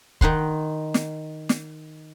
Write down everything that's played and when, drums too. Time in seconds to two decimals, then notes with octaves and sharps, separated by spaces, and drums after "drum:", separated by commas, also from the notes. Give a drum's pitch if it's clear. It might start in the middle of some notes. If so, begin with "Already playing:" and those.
0.21 D#3 D#4 F#5 C6, drum: kick
0.94 drum: snare
1.49 drum: snare